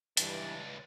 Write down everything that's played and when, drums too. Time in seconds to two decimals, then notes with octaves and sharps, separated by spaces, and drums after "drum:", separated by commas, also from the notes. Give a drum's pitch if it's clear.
0.17 C#2 G2 E3 D4, drum: hi-hat